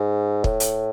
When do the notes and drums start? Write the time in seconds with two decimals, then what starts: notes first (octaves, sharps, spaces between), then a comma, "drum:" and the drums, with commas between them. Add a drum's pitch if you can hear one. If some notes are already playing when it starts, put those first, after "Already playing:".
Already playing: G#2
0.44 A2, drum: kick
0.60 drum: hi-hat